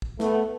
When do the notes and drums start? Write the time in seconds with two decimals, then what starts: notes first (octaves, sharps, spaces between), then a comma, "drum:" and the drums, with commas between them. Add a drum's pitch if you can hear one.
0.02 drum: kick
0.20 A3 B3, drum: snare